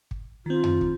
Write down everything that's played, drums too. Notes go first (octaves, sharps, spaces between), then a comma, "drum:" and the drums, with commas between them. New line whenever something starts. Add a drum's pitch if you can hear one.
drum: kick
D#3 C4 F4
drum: tom F2
drum: kick